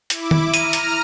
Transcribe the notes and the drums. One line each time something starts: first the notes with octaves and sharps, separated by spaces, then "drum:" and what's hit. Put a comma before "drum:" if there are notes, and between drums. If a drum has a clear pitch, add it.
E4 D6, drum: hi-hat
drum: tom D#3
A#5 F6 D#7, drum: hi-hat
drum: hi-hat